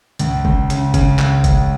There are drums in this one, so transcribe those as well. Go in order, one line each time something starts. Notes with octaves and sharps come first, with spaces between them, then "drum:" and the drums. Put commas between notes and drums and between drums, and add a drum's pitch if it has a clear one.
C#2, drum: hi-hat
C#2, drum: kick
C#3, drum: hi-hat
C#3, drum: kick, hi-hat
C#2, drum: clap
C#2, drum: kick, hi-hat